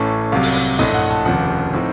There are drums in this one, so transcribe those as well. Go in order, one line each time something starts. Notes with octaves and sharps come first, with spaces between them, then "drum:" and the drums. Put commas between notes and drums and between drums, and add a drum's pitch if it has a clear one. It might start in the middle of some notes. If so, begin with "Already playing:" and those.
Already playing: A1 A2 A3 C#4 A5
C2 C3 F#3 F5
drum: open hi-hat
A#1 A2 A3 D#5, drum: tom
F#5
A5
F1 D#2 C#3 F3 F#5
A2 F3 C4 D#4